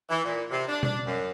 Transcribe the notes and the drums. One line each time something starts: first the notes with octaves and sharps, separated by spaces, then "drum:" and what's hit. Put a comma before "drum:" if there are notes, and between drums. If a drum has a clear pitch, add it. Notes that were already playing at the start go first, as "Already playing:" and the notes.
E3
A#2
C3
D4
D4, drum: tom B2
F#2